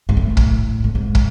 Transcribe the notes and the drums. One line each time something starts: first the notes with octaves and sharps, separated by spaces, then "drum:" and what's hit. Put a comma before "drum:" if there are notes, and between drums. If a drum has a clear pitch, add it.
G#2
A2
drum: kick
A2
G#2
drum: kick